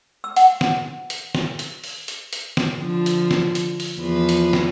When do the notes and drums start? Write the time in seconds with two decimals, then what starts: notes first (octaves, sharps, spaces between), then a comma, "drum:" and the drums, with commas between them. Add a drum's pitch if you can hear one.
0.24 E6
0.36 F#5, drum: hi-hat
0.61 drum: snare
1.10 drum: hi-hat
1.35 drum: snare
1.59 drum: hi-hat
1.84 drum: open hi-hat
2.08 drum: hi-hat
2.33 drum: hi-hat
2.57 drum: snare
2.78 D3 F3
3.06 drum: hi-hat
3.31 drum: snare
3.55 drum: hi-hat
3.80 drum: open hi-hat
4.00 E2 F3 B4
4.29 drum: hi-hat
4.53 drum: snare